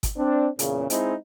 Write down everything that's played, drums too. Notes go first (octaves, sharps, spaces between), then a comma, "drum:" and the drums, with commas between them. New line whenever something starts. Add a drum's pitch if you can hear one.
drum: kick G1, hi-hat
C4 D4
E2 A#2 C#3, drum: hi-hat
G#3 C4 D#4 E4 G#4, drum: hi-hat